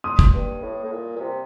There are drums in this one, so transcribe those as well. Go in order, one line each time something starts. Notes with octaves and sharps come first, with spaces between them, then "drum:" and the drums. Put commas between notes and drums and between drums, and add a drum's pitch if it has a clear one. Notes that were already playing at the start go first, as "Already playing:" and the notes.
C6 D#6
drum: kick
G2
A2
A2
A#2
A#2
C3